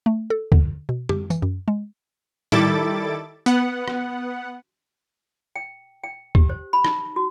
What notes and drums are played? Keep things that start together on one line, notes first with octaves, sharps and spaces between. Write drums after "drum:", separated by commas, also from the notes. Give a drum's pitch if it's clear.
A3
A4
D3, drum: kick D2
B2
G4, drum: tom
E3, drum: tambourine
F#2
G#3
D#3 G3 E4 A4 D6 A6, drum: tom A2
B3 F#5, drum: hi-hat
drum: rim click
G5
G5
G4, drum: kick D2
C5
B5
D#4, drum: rim click
F#4